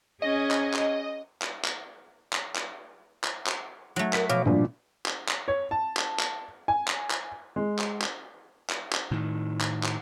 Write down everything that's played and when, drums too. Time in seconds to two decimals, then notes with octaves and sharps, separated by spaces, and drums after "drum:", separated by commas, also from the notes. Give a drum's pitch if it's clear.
0.22 C#4 G#4 D#5
0.51 drum: clap
0.74 drum: clap
1.42 drum: clap
1.65 drum: clap
2.33 drum: clap
2.56 drum: clap
3.24 drum: clap
3.47 drum: clap
3.96 F#3 A3
4.13 A#4 B6, drum: clap
4.29 B2 F3 C#5 F5 D6
4.46 A#2 F3 G3 D4
5.06 drum: clap
5.29 drum: clap
5.48 C#5
5.71 A5
5.97 drum: clap
6.20 drum: clap
6.68 G#5
6.88 drum: clap
7.11 drum: clap
7.56 G#3
7.79 drum: clap
8.02 drum: clap
8.70 drum: clap
8.93 drum: clap
9.11 A2 D#3
9.61 drum: clap
9.84 drum: clap